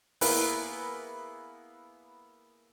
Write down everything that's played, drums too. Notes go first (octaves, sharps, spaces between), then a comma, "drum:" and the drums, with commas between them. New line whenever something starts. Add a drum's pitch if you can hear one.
A#3 B3 E4 G#4 A#4 B4, drum: open hi-hat